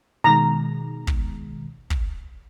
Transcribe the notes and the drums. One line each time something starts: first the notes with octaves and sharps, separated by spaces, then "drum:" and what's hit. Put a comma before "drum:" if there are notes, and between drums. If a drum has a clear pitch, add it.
B2 D#3 G#3 A#5
drum: kick
drum: kick